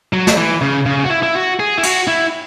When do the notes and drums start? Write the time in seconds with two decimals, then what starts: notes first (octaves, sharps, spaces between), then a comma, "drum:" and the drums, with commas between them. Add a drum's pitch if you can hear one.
0.13 F#3
0.27 drum: snare
0.37 E3
0.61 C#3
0.86 C#3
1.04 F#4
1.10 E4
1.23 E4
1.35 F#4
1.60 G#4
1.78 E4
1.83 F#4, drum: cymbal
2.07 E4